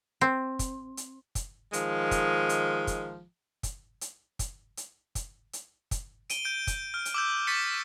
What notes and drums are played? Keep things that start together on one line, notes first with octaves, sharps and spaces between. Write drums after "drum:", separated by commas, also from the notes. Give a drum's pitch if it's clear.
C4
drum: kick, hi-hat
drum: hi-hat
drum: kick, hi-hat
D#3 F3 G#3, drum: hi-hat
drum: kick, hi-hat
drum: hi-hat
drum: kick, hi-hat
drum: kick, hi-hat
drum: hi-hat
drum: kick, hi-hat
drum: hi-hat
drum: kick, hi-hat
drum: hi-hat
drum: kick, hi-hat
D7 D#7 G7, drum: hi-hat
G6 D7
drum: kick, hi-hat
F6
drum: hi-hat
D6 E6 G6
C#6 G6 A6 B6 C#7 E7